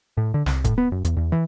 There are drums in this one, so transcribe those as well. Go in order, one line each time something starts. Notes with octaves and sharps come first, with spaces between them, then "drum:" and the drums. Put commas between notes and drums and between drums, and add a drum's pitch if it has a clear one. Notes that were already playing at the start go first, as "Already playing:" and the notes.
A2
D3
C2, drum: snare
A2, drum: kick, hi-hat
B3
F#2
E2, drum: hi-hat
E2
E3